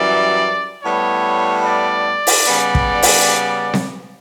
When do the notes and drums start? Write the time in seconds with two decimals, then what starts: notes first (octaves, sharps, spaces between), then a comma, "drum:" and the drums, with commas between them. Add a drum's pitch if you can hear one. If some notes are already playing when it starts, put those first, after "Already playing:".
Already playing: F#2 E3 G3 D5
0.83 A2 G3 B3 C#5
1.65 D5
2.27 drum: open hi-hat
2.46 C#3 G3 B3
2.75 drum: kick
3.03 drum: open hi-hat
3.74 drum: snare C4